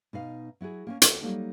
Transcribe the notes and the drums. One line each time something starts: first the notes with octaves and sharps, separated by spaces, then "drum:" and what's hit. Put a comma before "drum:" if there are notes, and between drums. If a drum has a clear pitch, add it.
B2 D#4 F5
F#3 E4 F#4 G#4
A#3 C4 C#4
D#2 F#4 A4, drum: hi-hat
F#3 G3 A#3 D#4 A4